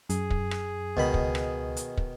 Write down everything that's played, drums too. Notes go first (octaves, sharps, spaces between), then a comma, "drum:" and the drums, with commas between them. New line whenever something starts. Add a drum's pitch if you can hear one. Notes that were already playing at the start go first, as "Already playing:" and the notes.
F#2 G#4, drum: hi-hat
drum: kick
drum: rim click
C#2 B2 D#3 B5
drum: kick
drum: rim click
drum: hi-hat
drum: kick